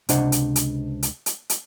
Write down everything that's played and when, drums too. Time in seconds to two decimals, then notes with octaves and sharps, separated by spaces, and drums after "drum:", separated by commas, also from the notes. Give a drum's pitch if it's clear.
0.09 C#2 C3 D4 C5 D#5 F#5, drum: hi-hat
0.32 drum: hi-hat
0.56 drum: hi-hat
1.03 drum: hi-hat
1.26 drum: hi-hat
1.50 drum: hi-hat